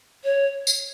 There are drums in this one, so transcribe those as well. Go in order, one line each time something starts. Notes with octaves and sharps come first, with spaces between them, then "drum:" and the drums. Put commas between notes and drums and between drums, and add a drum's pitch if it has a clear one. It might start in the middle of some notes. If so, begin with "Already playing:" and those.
C#5
drum: tambourine